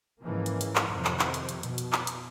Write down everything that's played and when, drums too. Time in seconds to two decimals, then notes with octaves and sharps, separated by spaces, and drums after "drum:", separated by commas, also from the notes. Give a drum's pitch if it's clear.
0.21 G#2 C#3 E3 F3 A#3
0.46 drum: hi-hat
0.61 drum: hi-hat
0.75 drum: clap
0.87 F2 C3 D#3
1.05 drum: clap
1.19 drum: clap
1.34 drum: hi-hat
1.49 drum: hi-hat
1.63 B2, drum: hi-hat
1.78 drum: hi-hat
1.93 drum: clap
2.07 drum: hi-hat